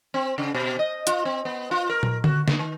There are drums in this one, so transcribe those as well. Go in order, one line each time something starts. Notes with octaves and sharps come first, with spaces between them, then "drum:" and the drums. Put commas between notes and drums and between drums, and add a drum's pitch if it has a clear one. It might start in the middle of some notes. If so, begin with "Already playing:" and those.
C4
C#3
B2
D#5
F4, drum: hi-hat
C4
B3
F4
A#4
drum: tom
F#4, drum: tom D3
B3, drum: snare
D#3